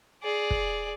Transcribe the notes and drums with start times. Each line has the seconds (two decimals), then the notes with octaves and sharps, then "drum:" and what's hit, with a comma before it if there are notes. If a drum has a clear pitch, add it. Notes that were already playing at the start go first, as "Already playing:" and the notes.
0.23 G#4 D5
0.51 drum: kick